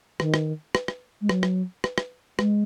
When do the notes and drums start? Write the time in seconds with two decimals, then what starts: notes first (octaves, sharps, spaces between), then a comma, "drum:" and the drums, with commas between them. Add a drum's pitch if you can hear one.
0.20 D#3, drum: rim click
0.34 drum: rim click
0.75 drum: rim click
0.88 drum: rim click
1.21 G#3
1.29 F#3, drum: rim click
1.43 drum: rim click
1.84 drum: rim click
1.98 drum: rim click
2.39 G#3, drum: rim click